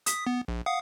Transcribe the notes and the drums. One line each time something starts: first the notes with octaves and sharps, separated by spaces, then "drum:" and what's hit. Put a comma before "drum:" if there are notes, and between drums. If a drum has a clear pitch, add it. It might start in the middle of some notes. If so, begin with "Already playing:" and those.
D#6 B6, drum: hi-hat
B3
A#1
F5 F#5 D#6